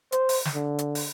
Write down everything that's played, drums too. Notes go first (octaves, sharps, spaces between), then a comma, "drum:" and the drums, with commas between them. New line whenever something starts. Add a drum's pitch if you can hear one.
C5, drum: hi-hat
drum: open hi-hat
drum: snare
D3
drum: hi-hat
drum: open hi-hat